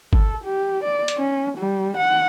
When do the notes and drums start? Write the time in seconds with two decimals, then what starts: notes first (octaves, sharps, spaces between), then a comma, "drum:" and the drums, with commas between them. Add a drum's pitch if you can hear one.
0.13 A4, drum: kick
0.44 G4
0.84 D5
1.08 drum: hi-hat
1.17 C#4
1.58 G3
1.97 F#5